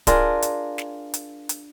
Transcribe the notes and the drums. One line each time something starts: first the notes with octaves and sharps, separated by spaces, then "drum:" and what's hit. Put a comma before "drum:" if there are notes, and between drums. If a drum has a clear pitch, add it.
D4 F4 G#4 A#4, drum: kick D1, hi-hat
drum: hi-hat
drum: snare
drum: hi-hat
drum: hi-hat